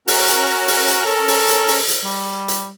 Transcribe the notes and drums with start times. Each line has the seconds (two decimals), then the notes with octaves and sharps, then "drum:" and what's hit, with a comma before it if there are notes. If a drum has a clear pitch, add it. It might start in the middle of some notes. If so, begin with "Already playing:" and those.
0.08 C#4 F#4 A#4 A#5, drum: open hi-hat
0.28 drum: hi-hat
0.68 drum: open hi-hat
0.88 drum: hi-hat
1.05 A4
1.28 drum: open hi-hat
1.48 drum: hi-hat
1.68 drum: open hi-hat
1.88 drum: hi-hat
2.04 G3
2.48 drum: hi-hat